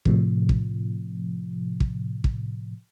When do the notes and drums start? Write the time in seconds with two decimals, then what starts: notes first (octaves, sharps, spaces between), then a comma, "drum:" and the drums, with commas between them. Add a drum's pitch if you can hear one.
0.05 A2 C3 F3, drum: kick
0.49 drum: kick
1.80 drum: kick
2.24 drum: kick